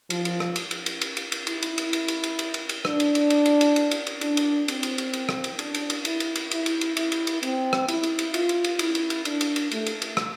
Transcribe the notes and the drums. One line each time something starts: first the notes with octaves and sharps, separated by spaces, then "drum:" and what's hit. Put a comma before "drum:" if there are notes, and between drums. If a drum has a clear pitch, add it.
F3, drum: cymbal
drum: cymbal
drum: rim click
drum: cymbal
drum: cymbal
drum: cymbal
drum: cymbal
drum: cymbal
drum: cymbal
E4, drum: cymbal
drum: cymbal
drum: cymbal
drum: cymbal
drum: cymbal
drum: cymbal
drum: cymbal
drum: cymbal
drum: cymbal
D4, drum: rim click
drum: cymbal
drum: cymbal
drum: cymbal
drum: cymbal
drum: cymbal
drum: cymbal
drum: cymbal
drum: cymbal
D4, drum: cymbal
drum: cymbal
C4, drum: cymbal
drum: cymbal
drum: cymbal
drum: cymbal
drum: rim click
drum: cymbal
D4, drum: cymbal
drum: cymbal
drum: cymbal
E4, drum: cymbal
drum: cymbal
drum: cymbal
E4, drum: cymbal
drum: cymbal
drum: cymbal
E4, drum: cymbal
drum: cymbal
drum: cymbal
C4, drum: cymbal
drum: rim click
E4, drum: cymbal
drum: cymbal
drum: cymbal
F4, drum: cymbal
drum: cymbal
drum: cymbal
E4, drum: cymbal
drum: cymbal
drum: cymbal
D4, drum: cymbal
drum: cymbal
drum: cymbal
A3, drum: cymbal
drum: cymbal
drum: cymbal
drum: rim click